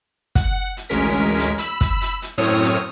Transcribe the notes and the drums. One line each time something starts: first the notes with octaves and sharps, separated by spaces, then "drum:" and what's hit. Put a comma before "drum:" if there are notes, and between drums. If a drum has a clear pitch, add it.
F#5, drum: kick, hi-hat
drum: hi-hat
A1 D2 G#3 C#4 A#4 B6
drum: hi-hat
B5 E6, drum: hi-hat
drum: kick, hi-hat
drum: hi-hat
drum: hi-hat
F#2 A2 C4 C#5 D#6 F6
drum: hi-hat